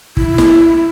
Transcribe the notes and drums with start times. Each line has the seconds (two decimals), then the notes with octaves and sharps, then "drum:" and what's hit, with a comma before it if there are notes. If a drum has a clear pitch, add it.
0.17 E4, drum: kick
0.38 drum: snare